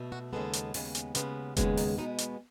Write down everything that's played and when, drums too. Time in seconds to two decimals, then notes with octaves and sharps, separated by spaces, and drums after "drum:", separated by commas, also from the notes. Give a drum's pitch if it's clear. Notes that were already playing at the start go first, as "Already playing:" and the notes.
Already playing: B2 A3
0.12 F#4
0.33 D#2 C#3 G#3 B3 A4
0.53 drum: hi-hat
0.74 D#2 C#3 G#3 B3, drum: open hi-hat
0.95 drum: hi-hat
1.15 D#2 C#3 G#3 B3, drum: hi-hat
1.57 D#2 C#3 G#3 B3 F#4, drum: kick F1, hi-hat
1.77 D#4, drum: open hi-hat
1.98 B2 G#3 B3 D#4
2.18 drum: hi-hat